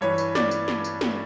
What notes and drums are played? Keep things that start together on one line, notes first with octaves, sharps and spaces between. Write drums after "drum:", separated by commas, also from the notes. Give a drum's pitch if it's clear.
G2 E3 C#5
drum: tambourine
D5, drum: snare
drum: tambourine
drum: snare
drum: tambourine
drum: snare